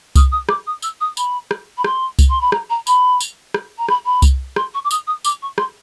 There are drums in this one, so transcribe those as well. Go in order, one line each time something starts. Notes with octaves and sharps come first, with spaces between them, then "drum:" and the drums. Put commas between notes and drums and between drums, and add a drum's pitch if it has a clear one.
D#6, drum: kick C2, tambourine
D#6
D6, drum: rim click
D#6
E6, drum: tambourine
D#6
B5, drum: tambourine
drum: rim click
B5
C6, drum: rim click
drum: kick C2, tambourine
C6
B5
A#5, drum: rim click
A#5
B5, drum: tambourine
drum: tambourine
drum: rim click
A#5
B5, drum: rim click
B5
drum: kick C2, tambourine
C6, drum: rim click
C#6
D6
D#6, drum: tambourine
D#6
D6, drum: tambourine
C#6
C6, drum: rim click